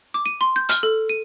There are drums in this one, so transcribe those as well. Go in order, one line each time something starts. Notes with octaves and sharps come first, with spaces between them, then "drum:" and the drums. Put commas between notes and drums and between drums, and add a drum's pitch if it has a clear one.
D6
D#7
C6
G6
F6, drum: hi-hat
A4
D#7